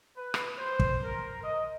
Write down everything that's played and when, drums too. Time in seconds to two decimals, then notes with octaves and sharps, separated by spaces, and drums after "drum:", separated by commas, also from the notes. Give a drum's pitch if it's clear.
0.17 B4
0.34 drum: rim click
0.58 C5
0.80 drum: kick
1.02 A#4
1.42 D#5